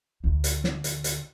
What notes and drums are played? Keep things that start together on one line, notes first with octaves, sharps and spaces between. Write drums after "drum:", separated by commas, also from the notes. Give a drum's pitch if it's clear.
D2
drum: hi-hat
drum: snare
drum: hi-hat
drum: hi-hat